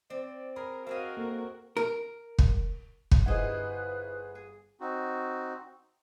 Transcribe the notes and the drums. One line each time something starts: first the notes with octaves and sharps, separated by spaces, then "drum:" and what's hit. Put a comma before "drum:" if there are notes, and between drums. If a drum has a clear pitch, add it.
C4 D5
G#4 A#4 B5
C4 F#4 G#4 A#4 D#5 F5
A#3 A4
A#4
drum: kick
drum: kick
G1 E4 G4 G#4 B4 C5 D#5 F#5
G#4
C4 D#4 F#4